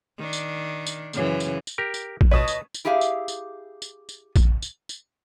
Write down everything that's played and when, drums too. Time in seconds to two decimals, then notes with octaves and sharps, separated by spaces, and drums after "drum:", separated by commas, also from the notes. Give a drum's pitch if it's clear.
0.18 D#3 D4
0.33 drum: tambourine
0.87 drum: tambourine
1.13 F#2 C#3 E3, drum: tambourine
1.40 drum: tambourine
1.67 drum: tambourine
1.78 G4 A#4
1.94 drum: tambourine
2.21 drum: kick A#1
2.31 C#2 B2 B4 C#5 D#5 A5 D#6
2.48 drum: tambourine
2.74 drum: tambourine
2.85 E4 G4 G#4 E5 F5
3.01 drum: tambourine
3.28 drum: tambourine
3.82 drum: tambourine
4.09 drum: tambourine
4.36 drum: kick A#1, tambourine
4.62 drum: tambourine
4.89 drum: tambourine